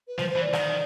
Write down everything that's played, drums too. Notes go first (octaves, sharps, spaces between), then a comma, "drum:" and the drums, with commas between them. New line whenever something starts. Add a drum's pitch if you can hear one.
B4
F3 C5, drum: snare G3
C5
E3
D5
D#3, drum: rim click